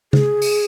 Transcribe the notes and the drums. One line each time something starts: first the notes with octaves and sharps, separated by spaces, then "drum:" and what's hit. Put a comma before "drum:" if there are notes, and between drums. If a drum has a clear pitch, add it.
G#4, drum: tom C#3
drum: open hi-hat